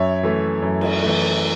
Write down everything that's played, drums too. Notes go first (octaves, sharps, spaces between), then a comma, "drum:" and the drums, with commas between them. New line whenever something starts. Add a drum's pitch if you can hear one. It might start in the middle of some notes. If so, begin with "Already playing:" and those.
Already playing: F#2 C#5 E5
E3 A3
F#2
drum: cymbal
E3 A3